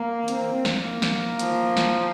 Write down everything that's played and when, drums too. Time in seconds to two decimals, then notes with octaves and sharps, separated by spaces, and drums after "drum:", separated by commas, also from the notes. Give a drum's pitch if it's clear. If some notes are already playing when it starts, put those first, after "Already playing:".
Already playing: A#3
0.28 C4, drum: hi-hat
0.65 drum: snare
0.83 A#3
1.02 drum: snare
1.39 F3, drum: hi-hat
1.77 drum: snare